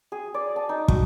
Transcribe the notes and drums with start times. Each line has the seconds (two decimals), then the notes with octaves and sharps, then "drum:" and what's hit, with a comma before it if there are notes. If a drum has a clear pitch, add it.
0.12 G#4
0.34 D5
0.56 A5
0.69 D#4
0.88 F#4, drum: kick